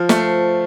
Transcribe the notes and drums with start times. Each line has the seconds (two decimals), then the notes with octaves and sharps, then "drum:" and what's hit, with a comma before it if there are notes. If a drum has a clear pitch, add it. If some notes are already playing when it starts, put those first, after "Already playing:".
Already playing: F3 F4
0.09 A3, drum: snare
0.20 C5